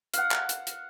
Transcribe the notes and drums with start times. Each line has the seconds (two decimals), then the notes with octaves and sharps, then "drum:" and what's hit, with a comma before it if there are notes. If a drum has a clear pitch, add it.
0.14 F5 F#5, drum: hi-hat
0.31 drum: clap
0.49 drum: hi-hat
0.67 drum: hi-hat